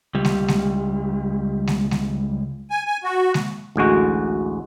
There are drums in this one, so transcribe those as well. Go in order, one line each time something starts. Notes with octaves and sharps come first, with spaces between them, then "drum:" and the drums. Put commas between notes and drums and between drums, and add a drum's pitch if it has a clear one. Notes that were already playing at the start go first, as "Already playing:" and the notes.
C#2 G3
drum: snare G#3
drum: snare G#3
drum: snare G#3
drum: snare G#3
G#5
G#5
F#4
drum: snare G#3
A1 D2 G#3 F#4